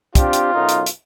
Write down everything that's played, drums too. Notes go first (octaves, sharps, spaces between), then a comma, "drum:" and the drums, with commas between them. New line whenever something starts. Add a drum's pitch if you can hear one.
C4 D4 F4 G4, drum: kick, hi-hat
drum: hi-hat
B1 F#2 D#4
drum: hi-hat
drum: hi-hat